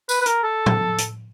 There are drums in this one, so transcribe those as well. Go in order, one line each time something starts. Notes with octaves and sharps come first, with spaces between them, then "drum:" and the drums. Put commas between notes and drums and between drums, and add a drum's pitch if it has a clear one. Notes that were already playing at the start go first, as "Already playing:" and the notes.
B4, drum: tambourine
B4
A#4, drum: hi-hat
A4
drum: tom
drum: hi-hat